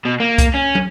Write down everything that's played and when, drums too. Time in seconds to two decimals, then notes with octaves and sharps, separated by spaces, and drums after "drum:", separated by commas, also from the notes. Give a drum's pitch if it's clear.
0.05 B2
0.20 A#3
0.38 drum: kick C2, hi-hat
0.54 C#4
0.75 drum: tom